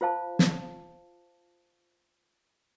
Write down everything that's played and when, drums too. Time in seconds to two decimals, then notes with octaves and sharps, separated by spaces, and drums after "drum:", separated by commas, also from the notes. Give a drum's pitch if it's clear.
0.01 F4 C5 F5 A5
0.39 drum: snare